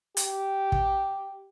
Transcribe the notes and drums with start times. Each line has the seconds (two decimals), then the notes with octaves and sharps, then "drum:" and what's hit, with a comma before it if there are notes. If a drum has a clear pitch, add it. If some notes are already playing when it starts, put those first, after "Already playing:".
0.17 G4, drum: hi-hat
0.72 drum: kick